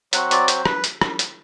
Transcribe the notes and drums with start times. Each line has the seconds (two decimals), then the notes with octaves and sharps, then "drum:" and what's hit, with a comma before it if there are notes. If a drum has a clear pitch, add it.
0.13 F#3 C4 F#4 F#5, drum: hi-hat
0.31 D5, drum: hi-hat
0.48 C5, drum: hi-hat
0.65 B4, drum: rim click
0.84 drum: hi-hat
1.01 drum: rim click
1.19 drum: hi-hat